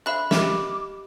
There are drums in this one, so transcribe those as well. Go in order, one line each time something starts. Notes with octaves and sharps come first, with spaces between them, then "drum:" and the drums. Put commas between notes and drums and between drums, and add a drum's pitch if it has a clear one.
D3 C5 E5 F5 B5 F#6
G4 A#4 D#5 E5 B5 D6, drum: snare